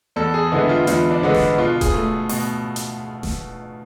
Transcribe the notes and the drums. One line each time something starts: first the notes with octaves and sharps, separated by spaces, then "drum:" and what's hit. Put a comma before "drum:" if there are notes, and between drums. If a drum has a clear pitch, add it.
E2 A4
G#4
D3 G#3 B3 E4
F4
E2 F4, drum: hi-hat
D4
D3 G#3 B3
drum: snare D#1
B2 F4
G#4, drum: kick D#1, hi-hat
A3
B2, drum: open hi-hat
drum: hi-hat
drum: snare D#1